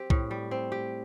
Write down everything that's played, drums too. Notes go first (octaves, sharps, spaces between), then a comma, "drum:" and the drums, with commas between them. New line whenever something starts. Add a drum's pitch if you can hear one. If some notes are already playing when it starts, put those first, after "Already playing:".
Already playing: C4 G4
A2, drum: kick B1
G3
C4
G4